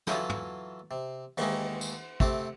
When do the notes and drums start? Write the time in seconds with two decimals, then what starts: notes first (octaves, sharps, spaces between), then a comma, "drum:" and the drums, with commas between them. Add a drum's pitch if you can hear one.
0.07 E3 F#3 E4 F4 A4 D#6, drum: snare
0.29 drum: tom
0.91 C3
1.38 D#2 D#3 E3 G#3, drum: cymbal
1.81 drum: tambourine
2.20 C3 A3 C4 G4, drum: kick